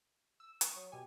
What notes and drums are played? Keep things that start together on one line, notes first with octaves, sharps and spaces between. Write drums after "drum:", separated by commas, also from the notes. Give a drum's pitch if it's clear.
E6
C#6 D#6, drum: hi-hat
F#3
B2 G4 G#5